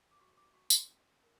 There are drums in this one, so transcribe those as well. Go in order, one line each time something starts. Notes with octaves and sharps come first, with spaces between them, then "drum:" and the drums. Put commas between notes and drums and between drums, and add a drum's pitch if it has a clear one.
D6
F#4 C#6
D6
F#4 C#6
C6, drum: tambourine
C#4
A#4